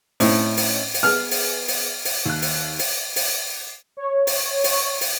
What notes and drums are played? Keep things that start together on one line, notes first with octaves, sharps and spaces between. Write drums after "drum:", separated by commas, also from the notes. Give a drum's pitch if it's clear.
A2 C4 C#4 D#4, drum: open hi-hat
drum: open hi-hat
drum: open hi-hat
B3 G#4 F6
drum: open hi-hat
drum: open hi-hat
drum: open hi-hat
D#2 F#6
drum: open hi-hat
drum: open hi-hat
drum: open hi-hat
C#5
drum: open hi-hat
drum: open hi-hat
drum: open hi-hat